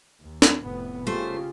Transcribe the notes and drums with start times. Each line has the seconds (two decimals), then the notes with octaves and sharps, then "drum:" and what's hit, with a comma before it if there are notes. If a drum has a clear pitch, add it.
0.20 D#2
0.42 drum: snare
0.61 F1 A2 B3
1.07 C#3 A3 F4 G4 C5